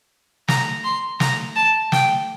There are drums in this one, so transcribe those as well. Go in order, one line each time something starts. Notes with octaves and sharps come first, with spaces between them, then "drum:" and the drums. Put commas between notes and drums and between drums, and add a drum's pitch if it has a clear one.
A#5, drum: snare
C6
A#5, drum: snare
A5
G5, drum: snare